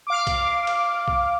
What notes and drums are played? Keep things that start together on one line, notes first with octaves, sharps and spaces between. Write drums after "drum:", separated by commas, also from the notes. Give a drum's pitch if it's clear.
F5 D6
drum: kick, cymbal
drum: cymbal
drum: kick